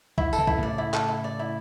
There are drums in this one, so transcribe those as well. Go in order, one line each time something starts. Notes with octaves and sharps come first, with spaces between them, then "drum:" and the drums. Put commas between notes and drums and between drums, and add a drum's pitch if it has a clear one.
E4, drum: kick B1
A4, drum: tambourine
C#3 E3
E4, drum: kick B1
A2 C#3 D5
E4
A4, drum: clap
E4
D5
E4